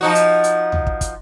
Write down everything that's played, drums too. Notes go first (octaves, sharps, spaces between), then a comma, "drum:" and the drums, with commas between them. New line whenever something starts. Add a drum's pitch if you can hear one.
F3 D#4 F#4
drum: hi-hat
drum: hi-hat
drum: tom
drum: kick
drum: kick, hi-hat